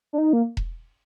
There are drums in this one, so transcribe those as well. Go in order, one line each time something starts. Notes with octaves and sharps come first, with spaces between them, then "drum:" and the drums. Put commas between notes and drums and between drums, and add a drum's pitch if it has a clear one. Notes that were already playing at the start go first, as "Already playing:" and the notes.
D4
D#4
A#3
drum: kick E1